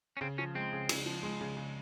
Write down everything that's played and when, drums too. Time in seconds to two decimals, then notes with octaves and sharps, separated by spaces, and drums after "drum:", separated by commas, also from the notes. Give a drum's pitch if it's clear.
0.17 C#4
0.21 C#3 C4
0.38 F3 C#4
0.55 G#3 C4
0.73 C#3
0.89 C#3, drum: cymbal
1.06 F3
1.23 G#3
1.41 C#3
1.57 C#3